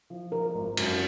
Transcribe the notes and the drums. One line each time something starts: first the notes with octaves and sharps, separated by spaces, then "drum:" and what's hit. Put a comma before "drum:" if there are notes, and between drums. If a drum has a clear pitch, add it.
F3
F3 A#4
G#1
F#2, drum: cymbal